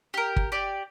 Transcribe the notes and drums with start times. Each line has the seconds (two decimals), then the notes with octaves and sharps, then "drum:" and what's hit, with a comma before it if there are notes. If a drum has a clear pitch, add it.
0.14 G4 A#4
0.36 drum: kick
0.52 G4 D5